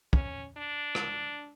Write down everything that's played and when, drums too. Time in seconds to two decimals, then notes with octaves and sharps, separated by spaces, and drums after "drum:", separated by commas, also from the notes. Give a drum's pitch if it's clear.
0.13 C#4, drum: kick
0.57 D4
0.95 drum: rim click